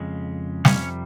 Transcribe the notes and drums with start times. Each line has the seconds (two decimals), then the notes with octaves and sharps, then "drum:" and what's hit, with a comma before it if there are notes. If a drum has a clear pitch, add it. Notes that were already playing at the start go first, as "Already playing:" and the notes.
Already playing: F2 C#3 G#3
0.65 F2 C3 G3 C#4 C#5, drum: snare